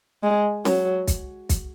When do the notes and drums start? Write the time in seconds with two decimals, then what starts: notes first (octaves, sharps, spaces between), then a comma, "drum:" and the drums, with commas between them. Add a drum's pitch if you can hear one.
0.23 G#3
0.65 F#3, drum: snare C#4
1.07 drum: kick, hi-hat
1.49 drum: kick, hi-hat